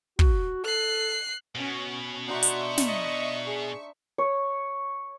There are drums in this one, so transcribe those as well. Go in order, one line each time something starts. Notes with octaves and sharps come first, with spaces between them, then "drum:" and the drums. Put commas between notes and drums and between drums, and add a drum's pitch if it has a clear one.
F#4, drum: kick
A4 F#6 C7
B2 C#4 F#4
D4 D#4 F#4 E5 C6 C#6
drum: hi-hat
drum: snare
D#5
G#4
C#5